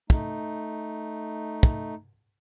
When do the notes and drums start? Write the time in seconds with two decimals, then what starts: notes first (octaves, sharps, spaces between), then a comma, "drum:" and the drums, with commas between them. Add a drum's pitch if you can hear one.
0.10 A3 D#4, drum: kick
1.63 drum: kick